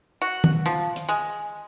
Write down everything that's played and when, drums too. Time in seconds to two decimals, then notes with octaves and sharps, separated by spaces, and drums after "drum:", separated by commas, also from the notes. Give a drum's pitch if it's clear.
0.22 F#4
0.44 drum: tom
0.66 F3
0.96 drum: hi-hat
1.09 G#3